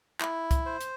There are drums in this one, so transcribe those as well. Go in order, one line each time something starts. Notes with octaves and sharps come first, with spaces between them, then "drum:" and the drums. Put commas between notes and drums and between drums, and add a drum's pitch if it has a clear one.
E4, drum: clap
drum: kick C2, hi-hat
C5
drum: hi-hat